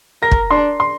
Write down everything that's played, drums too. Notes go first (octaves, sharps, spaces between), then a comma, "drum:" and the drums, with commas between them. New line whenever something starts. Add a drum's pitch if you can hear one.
A#4 A#6
drum: kick
D4 C6
C6